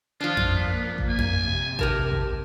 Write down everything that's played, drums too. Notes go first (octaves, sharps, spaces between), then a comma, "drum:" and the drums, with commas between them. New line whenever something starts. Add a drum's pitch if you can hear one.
F3 D4 F4
drum: tom F2
A#3 B3
drum: kick A1
G#5
drum: tom F2
C3
G4 A#4 A5, drum: kick A1
drum: kick A1